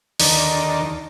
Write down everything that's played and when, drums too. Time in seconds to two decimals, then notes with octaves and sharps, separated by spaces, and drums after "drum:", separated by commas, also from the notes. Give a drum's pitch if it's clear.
0.20 D#2 D3 D#3, drum: open hi-hat